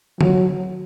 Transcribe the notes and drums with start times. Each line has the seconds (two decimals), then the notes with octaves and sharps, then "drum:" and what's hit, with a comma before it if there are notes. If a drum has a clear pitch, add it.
0.21 F#3, drum: tom D3